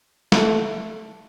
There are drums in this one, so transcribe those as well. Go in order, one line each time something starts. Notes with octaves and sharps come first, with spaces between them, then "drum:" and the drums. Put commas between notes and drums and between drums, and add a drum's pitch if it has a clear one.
A3, drum: snare